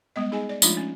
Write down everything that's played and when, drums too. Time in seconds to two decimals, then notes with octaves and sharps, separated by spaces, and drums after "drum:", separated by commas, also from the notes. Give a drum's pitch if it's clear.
0.16 G3 G#3 B3 D#5
0.32 D#4 G#4 D#5 G#5
0.49 D5
0.62 F3 G#3 A3 D4 D#4 F4, drum: tambourine
0.77 C#4